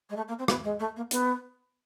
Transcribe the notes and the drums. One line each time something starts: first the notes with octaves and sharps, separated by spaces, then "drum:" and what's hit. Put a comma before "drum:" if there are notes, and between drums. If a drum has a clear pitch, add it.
G#3
A3
A#3
C4
B3, drum: rim click
G#3
A3
A#3
B3, drum: hi-hat